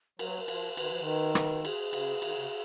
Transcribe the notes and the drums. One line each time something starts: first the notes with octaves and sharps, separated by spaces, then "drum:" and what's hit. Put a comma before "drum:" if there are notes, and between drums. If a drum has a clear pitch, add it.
F#3 A#4, drum: cymbal
B4
A#4
F3, drum: cymbal
D#3 B4, drum: cymbal
F3
D#3
B4
B4, drum: rim click
G#4, drum: cymbal
C#3, drum: cymbal
D#3, drum: cymbal
C#3